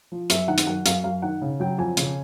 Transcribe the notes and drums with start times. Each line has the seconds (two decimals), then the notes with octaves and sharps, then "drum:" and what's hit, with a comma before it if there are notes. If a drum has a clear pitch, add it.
0.12 F3
0.30 F#2 E5, drum: hi-hat
0.48 D#3 F#5
0.58 drum: hi-hat
0.67 F#2 F#5
0.86 F#2 F5, drum: hi-hat
1.04 F#2 F5
1.22 D#3 F#5
1.42 C#3
1.60 F#3 G5
1.78 F2 G#5
1.97 C#3, drum: hi-hat